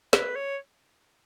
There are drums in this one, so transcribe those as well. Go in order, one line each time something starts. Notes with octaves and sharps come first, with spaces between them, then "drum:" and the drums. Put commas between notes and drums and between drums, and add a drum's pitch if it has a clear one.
B4, drum: snare
C#5